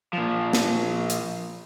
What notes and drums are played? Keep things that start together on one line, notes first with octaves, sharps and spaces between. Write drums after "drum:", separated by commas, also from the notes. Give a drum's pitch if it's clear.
A#2 F3
drum: snare
drum: hi-hat